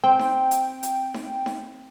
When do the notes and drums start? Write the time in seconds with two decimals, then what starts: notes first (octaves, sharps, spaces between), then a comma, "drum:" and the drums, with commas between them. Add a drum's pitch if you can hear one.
0.04 C4 G5
0.19 drum: snare D#4
0.51 drum: hi-hat
0.83 drum: hi-hat
1.14 drum: snare D#4
1.46 drum: snare D#4